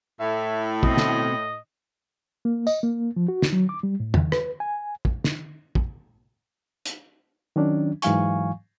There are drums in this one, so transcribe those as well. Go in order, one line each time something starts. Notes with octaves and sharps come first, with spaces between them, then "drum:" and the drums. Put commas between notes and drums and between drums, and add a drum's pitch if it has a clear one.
A2 E5
B2 C4 D#5, drum: kick
drum: snare
A#3
D#5, drum: tambourine
A#3
F3
F#4
drum: snare
F#3
D6
G3
A2
D#3, drum: tom
B4, drum: rim click
G#5
drum: kick
drum: snare
drum: kick
drum: hi-hat
D#3 F#3 C#4 D4
G#2 E3 F#3 F5 G#5 C#6, drum: hi-hat